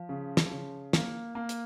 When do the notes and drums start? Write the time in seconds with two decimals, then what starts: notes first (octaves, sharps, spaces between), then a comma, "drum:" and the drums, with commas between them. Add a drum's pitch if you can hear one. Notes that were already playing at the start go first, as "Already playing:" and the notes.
Already playing: F3
0.09 C#3
0.37 drum: snare
0.51 C#3
0.93 A#3, drum: snare
1.35 A#3
1.49 drum: hi-hat